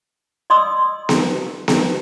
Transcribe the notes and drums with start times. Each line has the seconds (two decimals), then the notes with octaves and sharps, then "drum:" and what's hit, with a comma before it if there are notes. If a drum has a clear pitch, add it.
0.50 D5 D#5 C6 D#6 E6
1.09 drum: snare B3
1.68 drum: snare B3